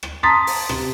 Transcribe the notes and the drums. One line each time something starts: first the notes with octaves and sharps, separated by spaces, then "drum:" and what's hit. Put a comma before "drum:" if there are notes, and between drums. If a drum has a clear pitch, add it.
drum: rim click
A5 A#5 C6 D#6 A6 B6
drum: open hi-hat
C3, drum: rim click